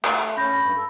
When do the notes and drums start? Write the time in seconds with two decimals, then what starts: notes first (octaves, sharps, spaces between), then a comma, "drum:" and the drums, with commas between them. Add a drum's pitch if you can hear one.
0.04 A3, drum: clap
0.37 C#4 B5 G6 A#6
0.59 G2
0.76 A4